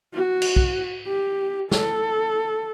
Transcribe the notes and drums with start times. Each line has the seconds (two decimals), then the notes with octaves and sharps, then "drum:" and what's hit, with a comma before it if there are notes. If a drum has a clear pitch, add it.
0.14 F#4
0.42 drum: cymbal
0.56 drum: kick
1.07 G4
1.71 A4, drum: snare